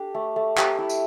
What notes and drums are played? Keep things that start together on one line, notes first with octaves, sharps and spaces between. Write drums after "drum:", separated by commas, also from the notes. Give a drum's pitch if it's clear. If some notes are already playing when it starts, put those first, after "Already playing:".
Already playing: D4 G4 A4
A3
A3
G4, drum: clap
E4
drum: tambourine